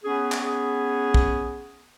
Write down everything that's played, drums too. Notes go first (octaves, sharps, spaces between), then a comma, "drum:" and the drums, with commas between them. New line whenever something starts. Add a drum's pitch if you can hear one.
B3 C#4 G#4
drum: clap
drum: kick